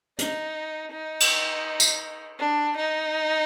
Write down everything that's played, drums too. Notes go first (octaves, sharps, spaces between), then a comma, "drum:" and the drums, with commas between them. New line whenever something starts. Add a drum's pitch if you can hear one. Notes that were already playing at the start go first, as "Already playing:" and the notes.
D#4, drum: hi-hat
D#4
drum: cymbal
drum: tambourine
D4
D#4